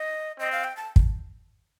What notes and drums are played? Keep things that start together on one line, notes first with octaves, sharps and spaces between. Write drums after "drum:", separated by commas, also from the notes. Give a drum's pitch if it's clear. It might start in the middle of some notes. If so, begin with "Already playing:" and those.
Already playing: D#5
C4 D#5
F5
G5
A5
drum: kick